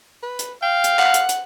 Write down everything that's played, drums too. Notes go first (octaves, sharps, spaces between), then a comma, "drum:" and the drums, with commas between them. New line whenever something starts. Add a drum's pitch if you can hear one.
B4
drum: hi-hat
F5 G5
drum: hi-hat
F#5, drum: clap
drum: hi-hat
drum: hi-hat